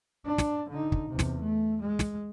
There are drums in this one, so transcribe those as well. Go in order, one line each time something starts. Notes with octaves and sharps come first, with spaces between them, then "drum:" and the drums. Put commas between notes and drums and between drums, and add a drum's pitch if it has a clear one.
D4
drum: snare
D3 D#4
drum: kick
E2 C3
drum: snare
A3
G#3
drum: snare